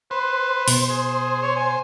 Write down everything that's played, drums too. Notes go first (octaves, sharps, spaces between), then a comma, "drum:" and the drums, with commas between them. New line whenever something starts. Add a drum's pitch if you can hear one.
B4 C5
B2, drum: open hi-hat
G#4
C#5
G#5